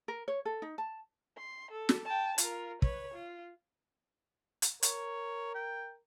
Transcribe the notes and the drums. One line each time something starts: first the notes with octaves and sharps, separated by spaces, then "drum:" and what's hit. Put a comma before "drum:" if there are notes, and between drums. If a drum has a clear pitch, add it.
A#4
C#5
A4
D#4
A5
C6
A4
drum: snare
G5 A5
F4 A#4, drum: hi-hat
B4 C#5, drum: kick
F4
drum: hi-hat
A#4 C#5, drum: hi-hat
G5